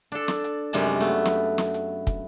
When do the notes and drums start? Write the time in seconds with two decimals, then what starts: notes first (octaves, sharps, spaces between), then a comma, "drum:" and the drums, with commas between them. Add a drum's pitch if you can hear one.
0.12 D4 A4
0.28 drum: snare
0.44 drum: hi-hat
0.73 F#2 C3 G3 G#3 A5
1.00 A3 B3
1.26 drum: snare
1.58 drum: snare
1.74 drum: hi-hat
2.07 drum: kick, hi-hat